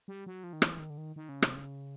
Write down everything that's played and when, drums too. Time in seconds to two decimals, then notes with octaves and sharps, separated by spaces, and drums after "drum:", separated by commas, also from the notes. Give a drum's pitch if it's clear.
0.08 G3
0.26 F#3
0.44 F3
0.53 D#3
0.62 E3, drum: rim click
0.79 D#3
0.90 D3
0.98 D#3
1.16 D#3
1.29 C#3
1.42 C3, drum: rim click
1.56 C#3